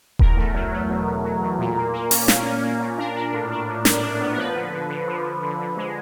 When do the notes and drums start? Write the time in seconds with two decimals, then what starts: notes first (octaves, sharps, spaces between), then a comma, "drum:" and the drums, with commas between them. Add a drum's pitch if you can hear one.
0.19 E2 A#4, drum: kick D#1
0.37 A3
0.54 F#3
0.72 A3
0.89 B2
1.07 B2
1.24 F#3
1.42 E2
1.59 A#2
1.76 A#3
1.94 A#3
2.11 C#4, drum: open hi-hat
2.28 A#3, drum: snare
2.46 C#4
2.63 A#3
2.81 A#2
2.98 D4 A#4
3.16 D4
3.33 A2
3.51 D4
3.68 A2
3.85 D4, drum: snare
4.03 A2
4.21 B3
4.33 A#4
4.38 F3 B4
4.55 D3
4.72 D3
4.90 D3
5.07 F3
5.25 D3
5.43 D3
5.60 D3
5.77 G#3